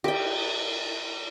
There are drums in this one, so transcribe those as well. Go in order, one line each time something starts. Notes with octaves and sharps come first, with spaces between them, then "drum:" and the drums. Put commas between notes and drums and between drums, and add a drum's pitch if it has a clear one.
G4 G5, drum: cymbal